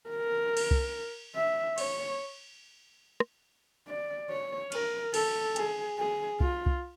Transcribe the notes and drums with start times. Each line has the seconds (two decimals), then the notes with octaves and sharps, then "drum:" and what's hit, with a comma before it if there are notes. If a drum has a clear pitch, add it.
0.10 A#4
0.57 drum: cymbal
0.71 drum: kick
1.35 E5
1.78 C#5, drum: cymbal
3.20 drum: rim click
3.88 D5
4.30 C#5
4.72 A#4, drum: cymbal
5.14 A4, drum: cymbal
5.56 G#4, drum: hi-hat
5.98 G#4
6.40 F4, drum: kick
6.66 drum: kick